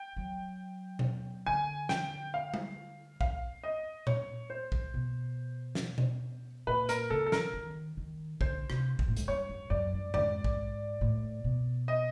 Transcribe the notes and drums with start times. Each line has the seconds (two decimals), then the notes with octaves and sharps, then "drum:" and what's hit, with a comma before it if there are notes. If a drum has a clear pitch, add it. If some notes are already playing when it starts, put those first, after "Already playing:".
Already playing: G5
0.16 F#3
0.99 drum: tom B2
1.46 D3 G#5
1.89 G5, drum: snare
2.34 F5
2.54 drum: tom G3
3.21 F5, drum: kick A#1
3.63 D#5
4.07 C#5, drum: tom A#2
4.50 C5
4.72 drum: kick A#1
4.94 B2
5.75 drum: snare
5.98 drum: tom B2
6.67 A#2 B4
6.89 A#4, drum: hi-hat
7.10 C#3 A4
7.26 A4
7.32 A#4, drum: snare
7.53 D#3
7.97 D#3
8.41 D3 C5, drum: kick A#1
8.70 C3, drum: rim click
8.99 G#2, drum: kick A#1
9.08 A2
9.17 G#2, drum: hi-hat
9.27 G2 C#5
9.49 F#2
9.70 F#2 D5
9.93 G2
10.14 G#2 D5, drum: tom F2
10.44 drum: kick A#1
11.01 A2
11.44 B2
11.88 D#5